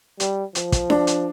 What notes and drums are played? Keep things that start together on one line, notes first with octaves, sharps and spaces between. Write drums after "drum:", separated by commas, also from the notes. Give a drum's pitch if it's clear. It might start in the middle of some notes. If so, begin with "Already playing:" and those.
G3, drum: hi-hat
F3, drum: hi-hat
drum: kick, hi-hat
D4, drum: snare D4
drum: hi-hat